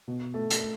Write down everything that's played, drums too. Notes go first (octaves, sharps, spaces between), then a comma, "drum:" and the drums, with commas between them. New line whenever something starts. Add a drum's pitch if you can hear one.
B2
A3
drum: hi-hat
A3